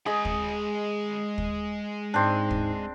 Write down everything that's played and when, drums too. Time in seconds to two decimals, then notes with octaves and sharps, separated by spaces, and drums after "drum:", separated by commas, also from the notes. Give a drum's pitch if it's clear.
0.06 G#3 G#4 D#5 B5
0.25 drum: kick
1.38 drum: kick
2.14 G#2 C4 D4
2.51 drum: kick